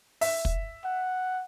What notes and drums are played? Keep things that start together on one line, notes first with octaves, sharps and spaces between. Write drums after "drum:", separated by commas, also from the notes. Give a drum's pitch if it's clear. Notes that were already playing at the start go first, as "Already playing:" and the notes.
E5, drum: open hi-hat
drum: kick
F#5